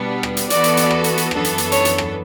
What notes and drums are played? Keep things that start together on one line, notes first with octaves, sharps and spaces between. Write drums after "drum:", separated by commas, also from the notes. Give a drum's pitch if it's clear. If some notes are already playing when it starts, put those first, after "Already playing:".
Already playing: B2 G3 B3 D4
drum: rim click
drum: hi-hat
E3 B3 F#4 A4 D5, drum: hi-hat
drum: hi-hat
drum: hi-hat
drum: rim click
drum: hi-hat
drum: hi-hat
F#2 E3 B3 D4 A4, drum: rim click
drum: hi-hat
drum: hi-hat
C#5, drum: hi-hat
drum: hi-hat
drum: rim click